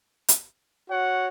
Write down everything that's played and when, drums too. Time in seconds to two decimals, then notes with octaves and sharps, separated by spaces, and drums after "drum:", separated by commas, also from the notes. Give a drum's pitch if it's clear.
0.28 drum: hi-hat
0.88 F#4 C#5 F#5